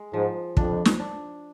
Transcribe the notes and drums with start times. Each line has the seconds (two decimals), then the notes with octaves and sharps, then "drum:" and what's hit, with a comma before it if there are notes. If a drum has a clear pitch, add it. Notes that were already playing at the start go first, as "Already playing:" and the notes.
Already playing: G#3
0.14 G#2 F3
0.57 F2 D4, drum: kick
0.85 drum: snare
1.00 D4